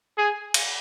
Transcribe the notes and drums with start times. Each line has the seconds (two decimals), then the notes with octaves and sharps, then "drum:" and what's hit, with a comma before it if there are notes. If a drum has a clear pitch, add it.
0.18 G#4
0.54 drum: cymbal